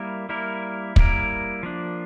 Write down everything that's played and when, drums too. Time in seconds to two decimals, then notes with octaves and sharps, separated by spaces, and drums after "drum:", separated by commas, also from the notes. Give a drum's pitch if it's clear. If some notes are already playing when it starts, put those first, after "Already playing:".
Already playing: G3 A#3 E4 A#4
0.29 G3 A#3 E4 A#4
0.96 G3 A#3 E4 A#4, drum: kick
1.63 F3 A#3 D4